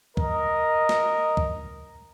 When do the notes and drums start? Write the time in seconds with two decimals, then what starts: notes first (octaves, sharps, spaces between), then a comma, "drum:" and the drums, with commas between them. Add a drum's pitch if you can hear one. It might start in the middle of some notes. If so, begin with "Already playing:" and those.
0.17 A#4 D#5, drum: kick
0.89 drum: snare
1.37 drum: kick